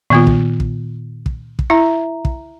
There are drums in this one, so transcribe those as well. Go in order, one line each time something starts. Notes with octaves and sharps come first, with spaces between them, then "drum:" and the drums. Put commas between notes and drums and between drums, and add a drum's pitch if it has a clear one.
A#2 D#3 B3 F4
drum: kick
drum: kick
drum: kick
drum: kick
E4 E5 A#5
drum: kick